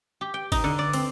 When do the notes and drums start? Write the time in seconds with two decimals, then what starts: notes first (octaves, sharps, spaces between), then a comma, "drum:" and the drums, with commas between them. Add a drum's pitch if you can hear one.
0.21 G4
0.34 G5
0.52 D#4, drum: kick G#1, cymbal
0.64 D3
0.78 D5
0.93 C4, drum: cymbal